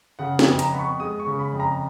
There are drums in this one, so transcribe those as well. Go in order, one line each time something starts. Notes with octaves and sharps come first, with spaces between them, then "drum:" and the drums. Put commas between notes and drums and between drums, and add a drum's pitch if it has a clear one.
C#3 F#5
G#5, drum: snare
F2
A#5, drum: hi-hat
B3 B5
C#6
G#3 D#6
C#6
C#3
B5
F2
A#5